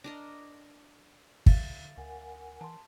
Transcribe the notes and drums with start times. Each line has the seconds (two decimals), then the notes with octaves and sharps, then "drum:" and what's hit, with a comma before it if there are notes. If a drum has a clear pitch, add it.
0.04 D4 A#4 D#5
1.46 D3 E5 F5 A6, drum: kick
1.97 D2 A#4 F#5 G#5
2.61 E3 A5 C6